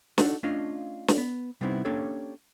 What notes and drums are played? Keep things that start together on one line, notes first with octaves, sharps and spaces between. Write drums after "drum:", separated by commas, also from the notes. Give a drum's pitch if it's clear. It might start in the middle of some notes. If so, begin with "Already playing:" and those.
D4 D#4 F#4 A4, drum: snare
A3 C#4 D4 F4 D#5 F5
drum: snare
B3
C3 G3 B3 C4 D#4 E4
A#3 C#4 D4 G4 A4 C#5